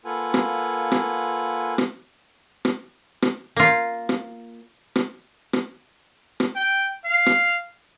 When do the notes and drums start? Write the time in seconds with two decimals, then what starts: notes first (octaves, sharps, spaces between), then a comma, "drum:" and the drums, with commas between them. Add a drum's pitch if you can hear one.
0.05 A#3 F4 A4 B4 F#5 G#5
0.34 drum: rim click
0.92 drum: rim click
1.78 drum: rim click
2.65 drum: rim click
3.22 drum: rim click
3.56 A#3 F4
4.09 drum: rim click
4.96 drum: rim click
5.53 drum: rim click
6.40 drum: rim click
6.56 G5
7.04 F5
7.26 drum: rim click